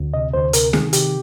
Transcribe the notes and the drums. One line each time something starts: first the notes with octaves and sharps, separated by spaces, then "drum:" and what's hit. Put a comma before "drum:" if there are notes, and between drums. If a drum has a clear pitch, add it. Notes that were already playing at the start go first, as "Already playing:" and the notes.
Already playing: D2
C3 D#5
D2 C5
C3 A#4, drum: hi-hat
D#3 G#4, drum: snare
C3 G4, drum: hi-hat